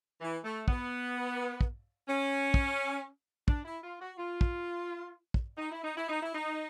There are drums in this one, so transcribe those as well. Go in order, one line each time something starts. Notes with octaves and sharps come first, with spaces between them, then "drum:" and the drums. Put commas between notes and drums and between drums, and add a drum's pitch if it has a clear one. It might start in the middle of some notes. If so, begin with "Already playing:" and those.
E3
A3
B3, drum: kick
drum: kick
C#4
drum: kick
D4, drum: kick
E4
F4
F#4
F4
drum: kick
drum: kick
D#4
E4
D#4
E4
D#4
E4
D#4